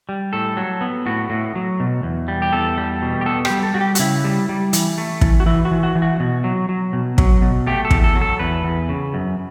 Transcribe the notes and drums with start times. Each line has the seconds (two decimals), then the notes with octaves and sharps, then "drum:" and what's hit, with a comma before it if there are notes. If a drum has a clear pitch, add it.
0.09 G3
0.33 A2 A4
0.57 F#3
0.81 B3
1.06 A2 F#4
1.30 A2
1.56 F#3
1.80 B2
2.03 E2
2.28 G3
2.42 G4
2.53 E2 A4
2.78 G3
3.02 B2
3.21 G4
3.26 B3 A4
3.45 G4, drum: rim click
3.50 G3
3.63 A4
3.74 G3 F#4
3.81 G4
3.95 F#4, drum: hi-hat
3.99 C#3 E4
4.24 G3
4.49 G3
4.73 E3, drum: hi-hat
4.98 A3
5.21 E3, drum: kick
5.40 F#4
5.46 E3 E4
5.65 F#4
5.71 E3
5.83 F#4
5.95 E3
6.02 F#4
6.20 B2
6.44 F#3
6.69 F#3
6.93 B2
7.18 F#3, drum: kick
7.42 B2
7.67 A3 G4
7.85 A4
7.91 E2, drum: kick
8.04 A4
8.15 F#3
8.22 A4
8.39 E2 B4
8.64 E2
8.89 C#3
9.14 F#2